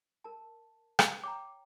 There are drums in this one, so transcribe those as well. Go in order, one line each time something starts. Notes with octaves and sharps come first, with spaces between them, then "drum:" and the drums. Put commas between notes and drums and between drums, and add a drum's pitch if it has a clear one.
A#4 A5
drum: rim click
C#5 G5 A#5 D6